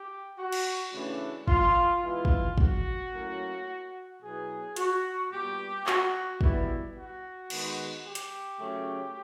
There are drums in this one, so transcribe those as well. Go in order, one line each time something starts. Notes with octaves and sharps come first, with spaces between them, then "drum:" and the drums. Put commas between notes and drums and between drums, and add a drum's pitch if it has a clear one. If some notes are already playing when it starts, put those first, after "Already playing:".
Already playing: G4
F#4
drum: cymbal
C#3 E3 A3 D4
F4, drum: kick
E3 G#3 B3 E4 F4
drum: kick
F#4, drum: kick
A2 F#3 A#3 C#4
B2 F#3 B3 E4 G#4
F#4, drum: hi-hat
A#2 G3 B3 G4
F#4, drum: clap
B2 G3 B3 E4, drum: kick
F#4
D#3 G#3 B3, drum: cymbal
G4
drum: hi-hat
C#3 F#3 A3 C#4